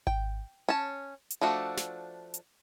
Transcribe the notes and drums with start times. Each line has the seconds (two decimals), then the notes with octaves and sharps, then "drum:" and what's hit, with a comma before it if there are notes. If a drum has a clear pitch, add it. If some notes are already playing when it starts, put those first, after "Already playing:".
0.07 G5, drum: kick G#1
0.69 C#4 A5
1.30 drum: hi-hat
1.41 F3 A3 D4 F#4
1.77 drum: snare
2.34 drum: hi-hat